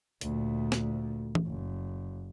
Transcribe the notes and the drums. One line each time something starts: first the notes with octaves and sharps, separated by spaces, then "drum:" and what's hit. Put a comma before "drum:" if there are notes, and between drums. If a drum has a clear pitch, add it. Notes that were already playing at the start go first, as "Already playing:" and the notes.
D2 A#2, drum: hi-hat
drum: snare
drum: tom E3
F#1